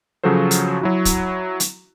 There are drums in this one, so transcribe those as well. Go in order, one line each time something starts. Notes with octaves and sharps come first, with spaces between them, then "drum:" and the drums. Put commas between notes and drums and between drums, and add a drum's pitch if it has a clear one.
C#3 F3 F#3 F#4 A4 C5
drum: hi-hat
F#3 E4 F#4
drum: kick, hi-hat
drum: hi-hat